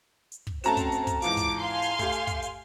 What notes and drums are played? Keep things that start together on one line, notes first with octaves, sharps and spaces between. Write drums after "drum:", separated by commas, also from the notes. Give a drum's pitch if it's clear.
drum: hi-hat
drum: kick
A3 C4 C#4 F#4 A5 A#5 E7, drum: hi-hat
drum: kick, hi-hat
drum: hi-hat
drum: kick, hi-hat
G#2 E3 F4 D6, drum: hi-hat
drum: kick, hi-hat
F5 G#5 C6
drum: hi-hat
A3 G4, drum: kick, hi-hat
drum: hi-hat
drum: kick, hi-hat
drum: hi-hat